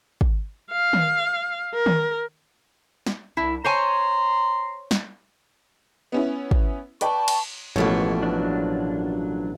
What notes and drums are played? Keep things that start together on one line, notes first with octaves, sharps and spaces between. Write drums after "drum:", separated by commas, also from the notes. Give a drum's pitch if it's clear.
drum: kick
F5
drum: tom D#3
A#4
drum: tom D#3
drum: snare
C2 E4
C5 C#5 G#5 A#5 C6
drum: snare
B3 C#4 E4
drum: kick
B4 D5 G5 A5 C#6, drum: hi-hat
drum: cymbal
A1 B2 F3 A3 A#3 C#5
F#3 D4